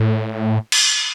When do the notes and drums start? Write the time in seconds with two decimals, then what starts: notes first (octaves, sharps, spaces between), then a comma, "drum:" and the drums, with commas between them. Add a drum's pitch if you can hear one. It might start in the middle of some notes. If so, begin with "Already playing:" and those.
Already playing: A2
0.72 drum: cymbal